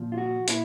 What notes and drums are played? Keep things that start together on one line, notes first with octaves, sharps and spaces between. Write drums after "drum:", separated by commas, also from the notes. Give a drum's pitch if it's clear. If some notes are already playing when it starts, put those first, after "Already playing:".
Already playing: A#2 F3
F4
F#4
A#2 E4, drum: hi-hat